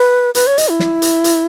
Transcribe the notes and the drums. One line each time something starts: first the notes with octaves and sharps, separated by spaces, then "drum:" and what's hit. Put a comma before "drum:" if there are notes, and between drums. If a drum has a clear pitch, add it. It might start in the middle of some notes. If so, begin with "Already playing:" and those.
Already playing: B4
B4, drum: hi-hat
C#5
D#5, drum: hi-hat
E4
drum: snare
drum: hi-hat
drum: hi-hat